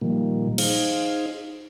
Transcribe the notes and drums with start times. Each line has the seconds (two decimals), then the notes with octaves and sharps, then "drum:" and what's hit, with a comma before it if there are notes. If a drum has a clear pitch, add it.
0.01 A#2 D#3 F3 G3 A#3
0.58 D#4 G#4 C5 F5, drum: cymbal